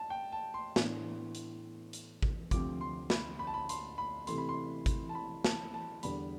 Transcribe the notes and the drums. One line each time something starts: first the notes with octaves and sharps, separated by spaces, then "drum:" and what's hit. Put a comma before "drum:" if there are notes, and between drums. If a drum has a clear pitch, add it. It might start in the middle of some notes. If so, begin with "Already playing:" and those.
Already playing: A5
G5
A5
C6
A2 E3 B3 D4, drum: snare
drum: hi-hat
drum: hi-hat
drum: kick G#1
D2 C3 F3 C4 D6, drum: kick G#1, hi-hat
C6
B5, drum: snare
B5
A5
B5
C6, drum: hi-hat
B5
C3 E3 A3 C6, drum: hi-hat
B5
C6
drum: kick G#1, hi-hat
A5
B5
A5, drum: snare
A5
E2 D3 G3 B3 D4 B5, drum: hi-hat